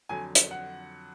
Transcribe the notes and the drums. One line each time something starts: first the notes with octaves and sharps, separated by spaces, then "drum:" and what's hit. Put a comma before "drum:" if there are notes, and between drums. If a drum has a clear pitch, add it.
F2 D3 F#3 G#5
drum: hi-hat
F#5